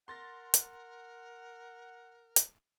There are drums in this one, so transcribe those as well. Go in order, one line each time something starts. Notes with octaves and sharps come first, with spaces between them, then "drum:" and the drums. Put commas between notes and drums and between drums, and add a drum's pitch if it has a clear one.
A#4 F#5 C6 A6 A#6
drum: hi-hat
drum: hi-hat